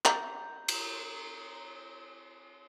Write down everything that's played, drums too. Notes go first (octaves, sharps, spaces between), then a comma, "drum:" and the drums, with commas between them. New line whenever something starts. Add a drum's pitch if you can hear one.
A#5 G6, drum: clap
drum: cymbal